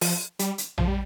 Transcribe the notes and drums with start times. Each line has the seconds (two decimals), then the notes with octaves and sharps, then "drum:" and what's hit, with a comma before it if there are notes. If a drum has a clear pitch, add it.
0.01 F3, drum: open hi-hat
0.39 G3, drum: hi-hat
0.58 drum: hi-hat
0.78 F3, drum: tom A#1
0.88 G3